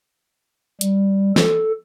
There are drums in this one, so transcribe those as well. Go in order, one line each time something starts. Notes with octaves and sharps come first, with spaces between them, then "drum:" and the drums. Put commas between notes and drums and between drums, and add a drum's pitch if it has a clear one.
G3, drum: hi-hat
A4, drum: snare